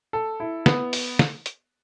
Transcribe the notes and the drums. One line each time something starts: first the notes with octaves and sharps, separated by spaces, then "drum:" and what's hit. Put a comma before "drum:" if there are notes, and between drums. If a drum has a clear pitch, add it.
A4
E4
B3, drum: snare
drum: open hi-hat
drum: snare
drum: hi-hat